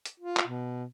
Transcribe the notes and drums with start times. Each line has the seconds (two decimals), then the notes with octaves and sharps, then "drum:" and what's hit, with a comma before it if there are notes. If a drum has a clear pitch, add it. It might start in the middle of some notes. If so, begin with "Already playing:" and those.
0.05 drum: hi-hat
0.20 F4
0.37 drum: clap
0.47 B2